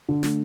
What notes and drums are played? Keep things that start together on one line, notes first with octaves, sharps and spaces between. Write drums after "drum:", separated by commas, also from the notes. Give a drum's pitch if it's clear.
D3
A3, drum: snare